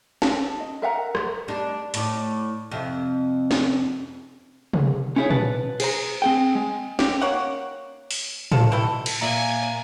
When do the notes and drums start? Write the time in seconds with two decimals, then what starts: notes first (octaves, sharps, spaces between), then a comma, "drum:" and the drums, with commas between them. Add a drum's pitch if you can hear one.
0.22 A5, drum: snare
0.60 D#5
0.82 A#4 E5 F#5 A#5
1.15 drum: rim click
1.48 G3 D4
1.94 A2 D5, drum: hi-hat
2.71 F2 C3
3.51 drum: snare
4.73 drum: tom C3
5.16 C#4 D#4 E4 G#4 C#5
5.30 B4 A5, drum: tom A#2
5.80 G#4 C5 A#5, drum: cymbal
6.22 C4 G#4 G5
6.55 G#3
6.99 G4, drum: snare
7.22 A#3 C#5 F#5
8.11 drum: open hi-hat
8.52 F4 A4 C5 A5, drum: tom A2
8.72 B2 G3 E4 A4
9.06 drum: cymbal
9.21 A#2 A#3 E5 G#5 A#5